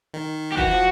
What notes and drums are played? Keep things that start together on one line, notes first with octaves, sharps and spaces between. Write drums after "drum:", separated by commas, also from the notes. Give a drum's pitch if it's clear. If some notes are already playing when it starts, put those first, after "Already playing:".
D#3
G4
E3 F#4, drum: kick F1
F3